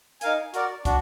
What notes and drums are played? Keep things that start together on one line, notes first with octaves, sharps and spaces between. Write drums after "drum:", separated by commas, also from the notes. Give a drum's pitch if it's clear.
D#4 A#4 F5 G#5, drum: hi-hat
F#4 A#4 D5, drum: hi-hat
D4 F#4, drum: kick, hi-hat